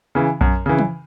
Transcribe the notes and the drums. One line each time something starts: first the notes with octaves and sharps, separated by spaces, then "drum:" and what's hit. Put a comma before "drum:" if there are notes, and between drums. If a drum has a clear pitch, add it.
C#3 E3
F#2, drum: kick A#1
C#3 E3
drum: tom